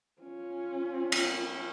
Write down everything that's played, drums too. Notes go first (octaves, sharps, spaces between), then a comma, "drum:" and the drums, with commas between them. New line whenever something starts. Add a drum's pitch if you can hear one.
C#4 F4
drum: cymbal